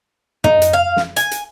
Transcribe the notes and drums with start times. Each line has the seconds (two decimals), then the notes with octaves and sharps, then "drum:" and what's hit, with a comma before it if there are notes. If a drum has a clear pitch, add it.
0.44 D#4, drum: tom
0.62 drum: hi-hat
0.73 F5
0.97 drum: snare
1.16 G#5, drum: hi-hat
1.31 drum: hi-hat